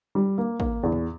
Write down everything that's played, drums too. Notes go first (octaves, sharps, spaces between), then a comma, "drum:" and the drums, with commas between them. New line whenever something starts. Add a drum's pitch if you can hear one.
G3
A#3
A#3, drum: kick
E2
drum: tom A2